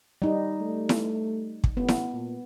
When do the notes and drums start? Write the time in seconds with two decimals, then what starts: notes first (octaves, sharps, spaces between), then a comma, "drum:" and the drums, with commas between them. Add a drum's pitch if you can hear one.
0.22 G3 D#4
0.61 A3
0.89 drum: snare E4
1.64 drum: kick
1.77 A1 B3
1.88 drum: snare E4
2.13 A#2